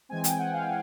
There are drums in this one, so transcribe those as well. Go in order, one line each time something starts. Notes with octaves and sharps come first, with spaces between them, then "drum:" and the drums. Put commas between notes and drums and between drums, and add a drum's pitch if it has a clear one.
E3 G#3 C4 G#5
G5, drum: hi-hat
F#5
F5